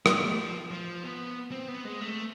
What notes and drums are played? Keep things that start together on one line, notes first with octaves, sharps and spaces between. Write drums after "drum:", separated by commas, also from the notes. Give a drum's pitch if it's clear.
B3, drum: rim click
A3
F3
F3
B3
C4
B3
G#3
A3